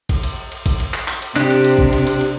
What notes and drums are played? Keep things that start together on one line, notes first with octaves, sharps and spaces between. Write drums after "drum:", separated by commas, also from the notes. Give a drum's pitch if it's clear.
drum: kick A1, cymbal
drum: cymbal
drum: cymbal
drum: kick A1, cymbal
drum: cymbal
drum: clap
drum: clap
drum: cymbal
C3 D4 G4, drum: clap
drum: cymbal
drum: cymbal
drum: kick A1
drum: cymbal
drum: cymbal
drum: cymbal